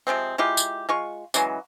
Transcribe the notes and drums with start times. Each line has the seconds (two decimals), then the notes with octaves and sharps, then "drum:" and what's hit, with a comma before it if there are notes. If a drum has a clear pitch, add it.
0.07 C3 F3 G#3 C4
0.38 G#3 E4 F4 G4
0.57 drum: tambourine
0.89 G#3 F4 C#6
1.34 C#3 E3 F#3 G#3, drum: tambourine